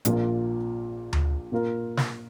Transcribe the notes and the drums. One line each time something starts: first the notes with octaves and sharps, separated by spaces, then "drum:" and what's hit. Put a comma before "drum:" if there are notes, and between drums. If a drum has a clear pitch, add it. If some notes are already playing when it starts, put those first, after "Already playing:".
A#1 A#2 A#3 F4, drum: hi-hat
drum: tom D2
A#2 A#3 F4 A#4
drum: snare